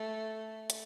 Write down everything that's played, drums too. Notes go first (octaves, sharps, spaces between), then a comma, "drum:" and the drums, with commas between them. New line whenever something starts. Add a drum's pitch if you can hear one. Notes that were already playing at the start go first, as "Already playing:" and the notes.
Already playing: A3
drum: hi-hat